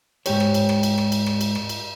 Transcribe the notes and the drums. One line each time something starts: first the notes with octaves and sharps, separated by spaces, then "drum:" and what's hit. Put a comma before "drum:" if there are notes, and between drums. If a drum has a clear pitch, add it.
G#2 B2 G4 C#5, drum: cymbal
drum: rim click
drum: cymbal
drum: rim click
drum: cymbal
drum: rim click
drum: cymbal
drum: rim click
drum: cymbal
drum: rim click
drum: cymbal